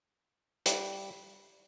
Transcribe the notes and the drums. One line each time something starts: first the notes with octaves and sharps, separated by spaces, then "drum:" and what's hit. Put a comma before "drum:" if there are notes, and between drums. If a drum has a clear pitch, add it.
G3, drum: hi-hat